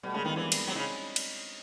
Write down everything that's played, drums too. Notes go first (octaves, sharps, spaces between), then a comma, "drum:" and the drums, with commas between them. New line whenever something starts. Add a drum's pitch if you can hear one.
B2 G3 A3
C#3 G#3 A#3
D#3 A3 B3
E3 C4 D4
drum: cymbal
F#3 C4 D4
C#3 C#4 D#4
drum: cymbal